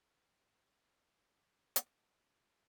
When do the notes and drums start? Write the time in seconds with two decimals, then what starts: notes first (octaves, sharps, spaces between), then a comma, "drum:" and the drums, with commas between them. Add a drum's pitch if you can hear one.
0.14 C4 C5
1.76 drum: hi-hat